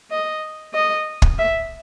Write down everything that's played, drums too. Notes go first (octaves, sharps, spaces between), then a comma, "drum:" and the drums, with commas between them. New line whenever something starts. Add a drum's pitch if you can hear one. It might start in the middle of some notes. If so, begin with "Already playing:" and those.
D#5
D#5
drum: kick
E5